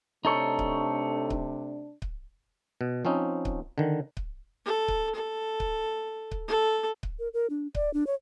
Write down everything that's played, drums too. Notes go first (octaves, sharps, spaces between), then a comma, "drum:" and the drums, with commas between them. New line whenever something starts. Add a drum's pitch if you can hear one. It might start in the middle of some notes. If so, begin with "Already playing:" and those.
C3 A3 D4 D#4 A4 C#5
drum: kick C#1
drum: kick C#1
drum: kick C#1
B2
F3 C4 C#4 D#4
drum: kick C#1
D3 D#3
drum: kick C#1
A4
drum: kick C#1
A4
drum: kick C#1
drum: kick C#1
A4
drum: kick C#1
A#4
A#4
D4
D5, drum: kick C#1
D4
C#5